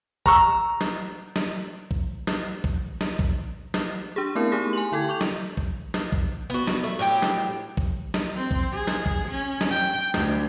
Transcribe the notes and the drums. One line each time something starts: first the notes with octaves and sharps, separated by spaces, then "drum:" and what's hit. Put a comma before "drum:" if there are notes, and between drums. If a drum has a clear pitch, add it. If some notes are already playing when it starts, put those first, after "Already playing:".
A#5 C#6 E6, drum: kick B1
drum: snare
drum: snare
drum: kick B1
drum: snare
drum: kick B1
drum: snare
drum: kick B1
drum: snare
D4 G4 G#4
A3 B3 C4 E4 A#4
A3 D#4 G4 G#4
G#5 C6 F#7
D3 E4 A4 G5 G#6
C#6 D6 G6 F7
drum: snare
drum: kick B1
drum: snare
drum: kick B1
B3 F#4
drum: snare
A3
A2 F#3 G4 G5
drum: snare
drum: kick B1
drum: snare
C4
drum: kick B1
G#4
drum: snare
drum: kick B1
C#4
drum: snare
G5
D2, drum: snare